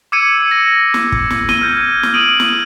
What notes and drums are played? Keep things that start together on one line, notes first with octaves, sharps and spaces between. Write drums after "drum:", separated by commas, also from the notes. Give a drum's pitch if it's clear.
D6 E6 G#6 C#7 D#7
A#6
drum: snare
drum: kick
drum: snare
D#7 G7, drum: snare
F6 G6 G#6
drum: snare
D#6 D7 D#7 F#7
drum: snare